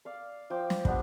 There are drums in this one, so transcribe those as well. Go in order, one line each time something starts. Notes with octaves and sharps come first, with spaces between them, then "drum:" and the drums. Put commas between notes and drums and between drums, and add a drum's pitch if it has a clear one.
D5 F5
F3 G5 D6
drum: snare
G3 B3 D4 B4, drum: kick